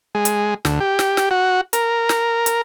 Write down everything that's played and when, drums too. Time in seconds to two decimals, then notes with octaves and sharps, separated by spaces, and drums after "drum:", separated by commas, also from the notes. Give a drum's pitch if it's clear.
0.15 G#3
0.25 drum: hi-hat
0.65 D2, drum: snare
0.80 G4
0.99 drum: snare
1.17 drum: snare
1.31 F#4
1.73 A#4, drum: hi-hat
2.09 drum: snare
2.46 drum: hi-hat